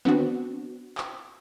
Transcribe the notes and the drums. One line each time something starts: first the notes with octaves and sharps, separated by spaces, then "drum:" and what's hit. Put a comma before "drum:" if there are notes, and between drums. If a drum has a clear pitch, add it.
B3 C4 D4 F#4, drum: tom D3
drum: clap